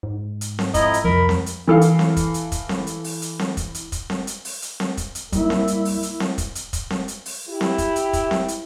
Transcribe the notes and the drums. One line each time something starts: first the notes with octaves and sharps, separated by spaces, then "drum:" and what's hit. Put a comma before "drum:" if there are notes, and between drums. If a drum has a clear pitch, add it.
G#2
drum: hi-hat
drum: snare C4
F2 E4 D#5 A#5, drum: kick, hi-hat
drum: hi-hat
C2 F2 F3 A#4 B5
drum: snare C4
drum: hi-hat
E3 A4 F5
drum: hi-hat
drum: snare C4
drum: kick, hi-hat
drum: hi-hat
drum: kick, hi-hat
drum: snare C4
drum: hi-hat
drum: open hi-hat
drum: hi-hat
drum: snare C4
drum: kick, hi-hat
drum: hi-hat
drum: kick, hi-hat
drum: snare C4
drum: hi-hat
drum: open hi-hat
drum: hi-hat
drum: snare C4
drum: kick, hi-hat
drum: hi-hat
G3 A#3 E4, drum: kick, hi-hat
drum: snare C4
drum: hi-hat
drum: open hi-hat
drum: hi-hat
drum: snare C4
drum: kick, hi-hat
drum: hi-hat
drum: kick, hi-hat
drum: snare C4
drum: hi-hat
drum: open hi-hat
E4 G4
drum: snare C4
drum: kick, hi-hat
drum: hi-hat
drum: kick, hi-hat
drum: snare C4
drum: hi-hat